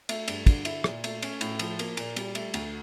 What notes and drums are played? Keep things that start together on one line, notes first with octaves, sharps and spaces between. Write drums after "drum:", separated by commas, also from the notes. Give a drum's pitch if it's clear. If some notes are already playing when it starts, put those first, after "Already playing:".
A3, drum: cymbal
G2, drum: cymbal
D3, drum: kick, cymbal
E4, drum: cymbal
A#2, drum: rim click
A3, drum: cymbal
C#4, drum: cymbal
A2, drum: cymbal
F3, drum: cymbal
A#3, drum: cymbal
A#2, drum: cymbal
G3, drum: cymbal
A3, drum: cymbal
D2, drum: cymbal